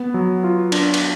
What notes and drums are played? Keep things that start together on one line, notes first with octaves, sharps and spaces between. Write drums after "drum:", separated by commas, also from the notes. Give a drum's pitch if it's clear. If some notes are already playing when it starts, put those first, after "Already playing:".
Already playing: B3
F#3
F4
D4, drum: cymbal
drum: cymbal